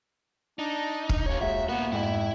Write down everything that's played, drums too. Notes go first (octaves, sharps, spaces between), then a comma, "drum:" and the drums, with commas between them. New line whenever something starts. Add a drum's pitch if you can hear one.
D4 D#4
drum: kick
D#2 B2 C#5
G#3 F#4 E5
A#2 A#3 B3 F#4
F2 G#2 E4